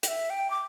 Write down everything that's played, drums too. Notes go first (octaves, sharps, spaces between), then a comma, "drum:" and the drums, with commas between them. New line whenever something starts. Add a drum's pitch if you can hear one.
G5, drum: hi-hat
E5
G5
D6